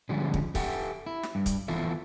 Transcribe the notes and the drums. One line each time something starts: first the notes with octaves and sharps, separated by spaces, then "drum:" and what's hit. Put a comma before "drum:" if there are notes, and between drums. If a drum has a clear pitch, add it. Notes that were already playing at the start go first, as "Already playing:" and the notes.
D3 F3 G3 G#3 C#4
drum: kick
G4 A4 E5 F#5 G5, drum: kick, open hi-hat
E4
drum: snare
G2
drum: kick, hi-hat
E2 E3 F4 A4 E5